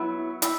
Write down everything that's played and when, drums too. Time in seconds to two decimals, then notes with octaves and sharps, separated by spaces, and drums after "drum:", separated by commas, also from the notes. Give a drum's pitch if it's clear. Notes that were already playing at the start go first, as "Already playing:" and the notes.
Already playing: F#3 B3 E4
0.42 E4, drum: hi-hat